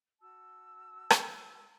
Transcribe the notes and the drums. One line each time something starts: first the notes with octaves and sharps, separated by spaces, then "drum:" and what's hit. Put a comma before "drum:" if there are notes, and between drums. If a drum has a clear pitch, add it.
F#4 A5 E6
drum: rim click